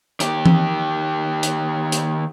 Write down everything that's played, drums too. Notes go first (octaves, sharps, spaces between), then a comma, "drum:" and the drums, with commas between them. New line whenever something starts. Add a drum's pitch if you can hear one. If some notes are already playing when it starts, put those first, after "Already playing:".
D#3 G4, drum: hi-hat
drum: tom E3
drum: hi-hat
drum: hi-hat